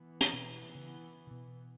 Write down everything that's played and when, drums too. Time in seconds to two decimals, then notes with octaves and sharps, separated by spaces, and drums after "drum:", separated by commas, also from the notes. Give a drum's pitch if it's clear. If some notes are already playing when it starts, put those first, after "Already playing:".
Already playing: E3 B3
0.21 drum: hi-hat
0.33 B2
0.75 C#3
1.27 C#3
1.31 B2